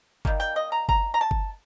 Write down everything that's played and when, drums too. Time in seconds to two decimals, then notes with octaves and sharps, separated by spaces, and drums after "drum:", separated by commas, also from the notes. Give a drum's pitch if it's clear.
0.25 D#3 G3 A#3, drum: kick G1
0.40 G5
0.56 D#5
0.72 A#5
0.89 A#5, drum: kick G1
1.14 A#5
1.21 A5
1.31 drum: kick G1